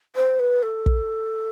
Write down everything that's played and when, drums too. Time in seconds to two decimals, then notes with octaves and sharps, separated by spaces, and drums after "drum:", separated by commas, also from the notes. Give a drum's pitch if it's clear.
0.16 C5
0.39 B4
0.63 A4
0.86 drum: kick